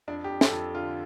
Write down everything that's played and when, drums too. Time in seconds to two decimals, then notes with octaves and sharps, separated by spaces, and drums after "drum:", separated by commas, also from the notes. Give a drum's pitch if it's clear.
0.08 F2 D4
0.24 G4
0.30 F2
0.41 A4, drum: snare
0.52 F2
0.75 D3 F4